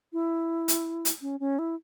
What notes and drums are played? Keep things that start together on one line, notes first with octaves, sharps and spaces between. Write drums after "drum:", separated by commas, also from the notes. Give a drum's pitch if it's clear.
E4
drum: hi-hat
drum: hi-hat
C#4
C#4
E4